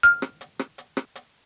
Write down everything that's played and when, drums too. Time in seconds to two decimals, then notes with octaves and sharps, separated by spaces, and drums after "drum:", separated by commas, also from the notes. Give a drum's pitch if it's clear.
0.03 F6, drum: hi-hat
0.22 drum: rim click
0.41 drum: hi-hat
0.59 drum: rim click
0.78 drum: hi-hat
0.97 drum: rim click
1.15 drum: hi-hat